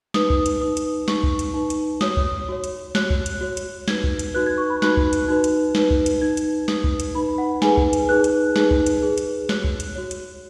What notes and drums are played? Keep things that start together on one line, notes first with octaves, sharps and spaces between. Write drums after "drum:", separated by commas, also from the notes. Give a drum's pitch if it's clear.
D#4 B4 D#6, drum: snare
drum: kick C2
drum: hi-hat
D#4 B4 D#6
drum: hi-hat
D#4 B4 C#6, drum: snare
drum: kick C2
drum: hi-hat
D#4 B4
drum: hi-hat
F#4 C#5 D#6, drum: snare
drum: kick C2
F#4 C#5
drum: hi-hat
F#4 C#5 F#6, drum: snare
drum: kick C2
drum: hi-hat
F#4 C#5
drum: hi-hat
D#4 F#4 B4 G#6, drum: snare
drum: kick C2
drum: hi-hat
D#4 F#4 B4 F#6
G#6
C#6
B5
D#4 F#4 B4 F#6, drum: snare
drum: kick C2
drum: hi-hat
D#4 F#4 B4
drum: hi-hat
D#4 B4, drum: snare
drum: kick C2
drum: hi-hat
D#4 B4 G#6
drum: hi-hat
D#4 B4 D#6, drum: snare
drum: kick C2
drum: hi-hat
D#4 B4 B5
F#5
D#4 G#4 B4 G#5, drum: snare
drum: kick C2
drum: hi-hat
D#4 G#4 B4 F#6
drum: hi-hat
D#4 G#4 B4, drum: snare
drum: kick C2
drum: hi-hat
D#4 G#4 B4
drum: hi-hat
F#4 C#5 F#6, drum: snare
drum: kick C2
drum: hi-hat
F#4 C#5
drum: hi-hat